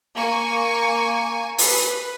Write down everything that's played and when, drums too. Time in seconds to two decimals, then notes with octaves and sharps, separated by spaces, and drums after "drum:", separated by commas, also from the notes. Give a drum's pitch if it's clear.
0.15 A#3 G#5 C#6
1.58 B4, drum: open hi-hat